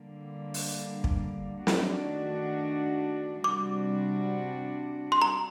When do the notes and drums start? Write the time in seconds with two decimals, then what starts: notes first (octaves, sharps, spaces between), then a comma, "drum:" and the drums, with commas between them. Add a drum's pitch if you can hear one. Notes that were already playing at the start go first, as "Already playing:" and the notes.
Already playing: D3 G3 A#3
0.54 drum: open hi-hat
1.04 drum: kick
1.67 D#3 A3 D4 F#4, drum: snare
3.44 C3 G3 D4 F#4 D6
5.12 C6
5.22 A#5